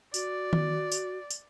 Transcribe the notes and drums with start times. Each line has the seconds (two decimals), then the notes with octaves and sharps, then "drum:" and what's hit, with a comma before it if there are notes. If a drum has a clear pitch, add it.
0.14 F#4 D5, drum: tambourine
0.53 drum: tom D#3
0.92 drum: tambourine
1.30 drum: tambourine